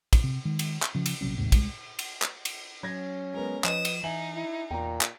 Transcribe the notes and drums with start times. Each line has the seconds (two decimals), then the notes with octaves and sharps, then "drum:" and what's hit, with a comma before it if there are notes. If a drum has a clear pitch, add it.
0.13 drum: kick, cymbal
0.24 C3
0.45 D#3 G#3
0.59 drum: cymbal
0.82 drum: clap
0.95 C#3 F3
1.06 drum: cymbal
1.21 A#1 C3 F#3 C#4
1.38 A1 D#2 G#2 C3
1.52 C2 G#3, drum: kick, cymbal
1.99 drum: cymbal
2.22 drum: clap
2.45 drum: cymbal
2.83 F#3 C#4 G#6 A#6
3.34 G#3 B3 A#4
3.64 F3 B4 D#5 D#6 E7, drum: clap
3.85 drum: cymbal
4.04 E3 D#4 E5 G#5 F#7
4.35 E4
4.71 E2 A#2 G5 A#5
5.01 drum: clap